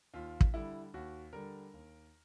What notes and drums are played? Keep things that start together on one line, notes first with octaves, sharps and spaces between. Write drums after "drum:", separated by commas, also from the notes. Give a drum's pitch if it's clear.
D#2 F4
drum: kick
D3 G3 E4
D#2 F#4
D3 G3 A#4
D#2